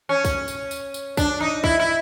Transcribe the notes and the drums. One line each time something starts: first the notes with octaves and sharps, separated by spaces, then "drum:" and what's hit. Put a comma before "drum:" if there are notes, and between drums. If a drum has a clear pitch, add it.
C#4
drum: kick, tambourine
drum: tambourine
drum: tambourine
drum: tambourine
D4, drum: kick, tambourine
D#4
E4, drum: kick
E4